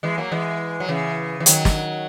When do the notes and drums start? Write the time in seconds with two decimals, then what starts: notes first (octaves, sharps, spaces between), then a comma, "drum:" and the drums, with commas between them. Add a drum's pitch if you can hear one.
0.03 E3 G#3
0.18 F#3 A#3
0.32 E3 G#3
0.80 F#3
0.88 C#3 E3
1.40 E3
1.46 D#3 F#3, drum: hi-hat
1.65 drum: snare